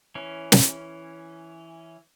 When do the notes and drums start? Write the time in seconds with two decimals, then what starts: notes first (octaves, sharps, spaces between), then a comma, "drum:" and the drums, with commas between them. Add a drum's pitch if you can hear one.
0.15 E3 C#4
0.52 drum: snare